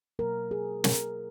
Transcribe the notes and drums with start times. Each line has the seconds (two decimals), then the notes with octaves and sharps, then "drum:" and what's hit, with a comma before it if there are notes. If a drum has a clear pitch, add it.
0.19 B2 F#3 A#3 A#4
0.51 G#4
0.84 A#4, drum: snare